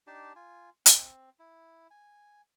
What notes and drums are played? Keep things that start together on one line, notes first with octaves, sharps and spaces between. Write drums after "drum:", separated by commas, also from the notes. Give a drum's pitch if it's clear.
D4 D#4 G4 A5
F4 G#5
C4, drum: hi-hat
E4
G#5